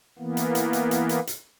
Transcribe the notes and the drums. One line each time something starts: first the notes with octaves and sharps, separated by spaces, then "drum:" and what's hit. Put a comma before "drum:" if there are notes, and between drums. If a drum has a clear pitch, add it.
E3 A#3 B3
drum: hi-hat
drum: hi-hat
drum: hi-hat
drum: hi-hat
drum: hi-hat
drum: hi-hat